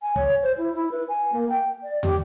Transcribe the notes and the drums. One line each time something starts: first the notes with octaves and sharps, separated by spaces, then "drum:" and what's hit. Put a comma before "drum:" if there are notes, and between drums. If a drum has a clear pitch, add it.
G#5
C#5, drum: kick
C5
E4
E4
B4
G#5
A#3
G5
D5
G4, drum: tom